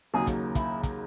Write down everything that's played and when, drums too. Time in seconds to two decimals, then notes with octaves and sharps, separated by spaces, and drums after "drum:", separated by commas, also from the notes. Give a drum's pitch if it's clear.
0.14 D#2 C#3 F#3 A#3 D#4 G#4
0.27 drum: kick, hi-hat
0.55 E4, drum: kick, hi-hat
0.83 drum: kick, hi-hat